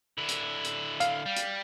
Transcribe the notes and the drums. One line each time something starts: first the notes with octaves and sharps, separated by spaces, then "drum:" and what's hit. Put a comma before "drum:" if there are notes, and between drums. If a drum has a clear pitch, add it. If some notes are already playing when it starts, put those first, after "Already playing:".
D3 E4
drum: hi-hat
drum: hi-hat
F5, drum: hi-hat
G3
drum: hi-hat